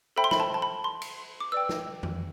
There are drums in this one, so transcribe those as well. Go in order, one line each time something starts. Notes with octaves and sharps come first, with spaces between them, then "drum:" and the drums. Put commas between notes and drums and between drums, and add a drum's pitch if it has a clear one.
A4 C5 E5 G5 B5
C6
B5, drum: snare
A5
A5
B5
C6
drum: cymbal
D6
B4 D5 G5 E6
drum: snare
drum: tom F2